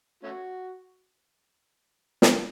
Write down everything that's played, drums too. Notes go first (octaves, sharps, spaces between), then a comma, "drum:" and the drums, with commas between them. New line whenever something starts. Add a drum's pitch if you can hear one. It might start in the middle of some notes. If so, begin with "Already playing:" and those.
A3 C#4 F#4
drum: snare